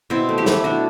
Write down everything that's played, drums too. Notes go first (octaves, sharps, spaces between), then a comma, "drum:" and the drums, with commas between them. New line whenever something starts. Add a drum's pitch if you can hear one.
B2 C4 E4
A3
E4 G4
A3, drum: snare
B2 D4 F#4